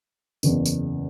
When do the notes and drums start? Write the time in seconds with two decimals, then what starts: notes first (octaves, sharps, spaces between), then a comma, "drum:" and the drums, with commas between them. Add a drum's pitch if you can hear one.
0.43 F#1 E2 C#3, drum: tambourine
0.66 drum: tambourine